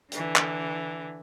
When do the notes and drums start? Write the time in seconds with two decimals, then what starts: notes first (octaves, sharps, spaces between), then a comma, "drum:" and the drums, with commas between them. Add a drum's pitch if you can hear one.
0.12 D3 E3, drum: hi-hat
0.36 drum: clap